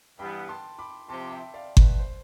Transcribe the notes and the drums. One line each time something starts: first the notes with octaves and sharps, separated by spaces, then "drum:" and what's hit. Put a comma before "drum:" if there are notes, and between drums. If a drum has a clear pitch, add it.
G2 E3 G3 B3 G5 B5
A5 C6
B5 D6
C3 F3 C4 G4 A5 C6
E5 G5
D5 F5
B4, drum: kick G1
C5